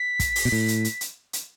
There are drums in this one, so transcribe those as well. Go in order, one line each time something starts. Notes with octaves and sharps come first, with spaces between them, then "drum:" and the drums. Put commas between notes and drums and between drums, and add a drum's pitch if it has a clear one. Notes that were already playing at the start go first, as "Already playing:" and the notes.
Already playing: B6
drum: kick, hi-hat
drum: open hi-hat
B2
A2
drum: hi-hat
drum: hi-hat
drum: hi-hat
drum: hi-hat